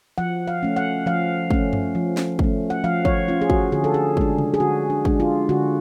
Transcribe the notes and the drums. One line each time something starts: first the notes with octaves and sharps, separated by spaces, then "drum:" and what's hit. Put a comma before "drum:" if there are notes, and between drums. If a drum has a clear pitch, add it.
F3 F#5
F5
A3 C#4
F#5
F3 F5
A3 C#4, drum: kick
drum: tom F#2
F3
drum: snare
A3 C#4, drum: kick
F#5
F3 F5
C#5, drum: kick
A3 C#4 F4
G#4
F#4, drum: kick
D3 G#4
A4
G#4
G#3 D4, drum: kick
drum: tom C3
G#4
D3 F#4
D4
G#3 D4, drum: kick
F4
D3 F#4